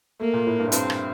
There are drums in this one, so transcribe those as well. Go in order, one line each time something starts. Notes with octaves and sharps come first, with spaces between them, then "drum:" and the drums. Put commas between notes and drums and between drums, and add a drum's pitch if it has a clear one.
A3 A#3
A#2
A2
G2
A2
G2 C4, drum: hi-hat
drum: rim click